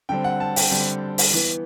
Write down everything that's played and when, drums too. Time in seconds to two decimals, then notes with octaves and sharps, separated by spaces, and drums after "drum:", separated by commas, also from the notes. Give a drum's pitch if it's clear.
0.09 D3 G3 C4 G5
0.24 F#5
0.40 A5
0.56 G5, drum: open hi-hat
0.71 D3 G3 C4
1.18 drum: open hi-hat
1.34 E3 B3